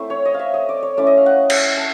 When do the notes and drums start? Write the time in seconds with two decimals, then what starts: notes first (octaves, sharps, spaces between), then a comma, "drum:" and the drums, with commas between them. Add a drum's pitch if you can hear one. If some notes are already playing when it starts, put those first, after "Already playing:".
Already playing: A3 C4 E4
0.10 C#5
0.25 D#5
0.34 F5
0.39 E5
0.54 D#5
0.69 D5
0.83 C#5
0.97 A3 C#4 E4 D5
1.07 D#5
1.17 F5
1.26 F#5
1.50 drum: cymbal
1.77 A5